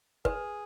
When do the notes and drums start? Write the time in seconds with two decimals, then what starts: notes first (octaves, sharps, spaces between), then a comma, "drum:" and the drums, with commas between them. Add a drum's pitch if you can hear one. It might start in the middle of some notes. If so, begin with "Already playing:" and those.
0.25 G#4 B4, drum: kick